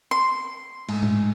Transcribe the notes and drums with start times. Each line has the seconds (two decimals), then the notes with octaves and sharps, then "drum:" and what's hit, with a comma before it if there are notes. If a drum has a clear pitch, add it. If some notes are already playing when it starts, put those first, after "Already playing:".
0.11 C6
0.89 G#2 A3, drum: cymbal
1.03 drum: tom A2